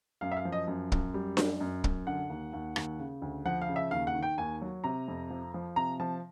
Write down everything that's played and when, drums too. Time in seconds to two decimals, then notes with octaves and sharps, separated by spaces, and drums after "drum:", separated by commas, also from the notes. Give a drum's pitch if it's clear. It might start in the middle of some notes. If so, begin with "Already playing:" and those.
0.21 F#2 F5
0.32 E5
0.37 F5
0.45 F3
0.52 D#5
0.67 F#2
0.92 F#2, drum: kick
1.14 G3
1.37 F#2, drum: snare D4
1.61 F#2
1.84 F#2, drum: kick
2.07 D3 F#5
2.30 D#2
2.53 D#2
2.76 D#2, drum: rim click
2.99 C#3
3.22 D2
3.45 F3 F#5
3.62 F5
3.69 C#3
3.76 E5
3.91 D#2 F5
4.07 F#5
4.14 D#3
4.23 G5
4.38 D#2 G#5
4.62 F#3
4.84 C3 A#5
5.08 F2
5.30 F3
5.54 F3
5.76 C3 A#5
6.00 F3 A5